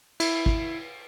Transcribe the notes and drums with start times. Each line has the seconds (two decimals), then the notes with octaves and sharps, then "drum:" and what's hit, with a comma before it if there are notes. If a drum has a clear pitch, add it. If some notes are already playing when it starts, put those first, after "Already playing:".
0.20 E4, drum: cymbal
0.46 drum: kick